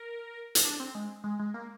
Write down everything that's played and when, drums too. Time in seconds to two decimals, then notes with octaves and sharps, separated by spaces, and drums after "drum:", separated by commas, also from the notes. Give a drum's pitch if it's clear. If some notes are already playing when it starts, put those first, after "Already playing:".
Already playing: A#4
0.55 drum: hi-hat
0.65 D4
0.80 C4
0.95 G#3
1.24 G#3
1.39 G#3
1.54 A#3